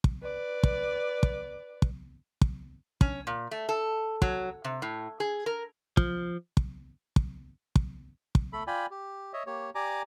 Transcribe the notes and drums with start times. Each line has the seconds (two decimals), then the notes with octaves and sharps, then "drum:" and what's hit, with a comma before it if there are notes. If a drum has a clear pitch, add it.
0.04 drum: kick
0.22 B4 D5
0.63 drum: kick
1.23 drum: kick
1.82 drum: kick
2.41 drum: kick
3.01 C#4, drum: kick
3.27 A#2
3.51 A3
3.69 A4
4.22 F#3, drum: kick
4.64 C3
4.82 A2
5.20 G#4
5.46 A#4
5.97 F3, drum: kick
6.57 drum: kick
7.16 drum: kick
7.76 drum: kick
8.35 drum: kick
8.53 A3 A4 B5
8.67 F4 D5 G5 G#5 B5
8.91 G4
9.33 C#5 D#5 E5
9.46 A#3 G4 C#5
9.75 G4 D5 G#5 A#5 D6